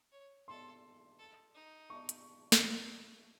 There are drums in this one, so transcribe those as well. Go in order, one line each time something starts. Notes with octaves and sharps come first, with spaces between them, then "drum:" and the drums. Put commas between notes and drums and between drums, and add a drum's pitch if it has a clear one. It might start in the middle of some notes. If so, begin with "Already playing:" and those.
C#5
A4 C6
A4
D#4
C#6
drum: hi-hat
drum: snare